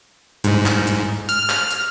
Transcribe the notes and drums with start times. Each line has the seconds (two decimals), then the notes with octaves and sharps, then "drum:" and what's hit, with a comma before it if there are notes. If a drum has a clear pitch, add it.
0.44 G#2, drum: hi-hat
0.66 drum: clap
0.87 drum: hi-hat
1.29 F6, drum: hi-hat
1.50 drum: clap
1.71 drum: hi-hat